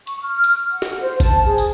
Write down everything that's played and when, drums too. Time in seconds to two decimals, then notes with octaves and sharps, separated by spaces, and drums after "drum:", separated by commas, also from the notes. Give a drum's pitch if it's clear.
0.07 C#6, drum: hi-hat
0.21 F6
0.44 drum: hi-hat
0.72 F#5
0.82 drum: snare
1.02 C5
1.20 A5, drum: kick G#1, hi-hat
1.46 G#4
1.58 drum: open hi-hat